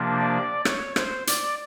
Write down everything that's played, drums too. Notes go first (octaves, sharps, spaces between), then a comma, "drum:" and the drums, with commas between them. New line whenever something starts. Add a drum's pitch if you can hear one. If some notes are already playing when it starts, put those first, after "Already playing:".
Already playing: C3 F3 A#3 D4
D5
C#5, drum: rim click
C5, drum: rim click
D5, drum: hi-hat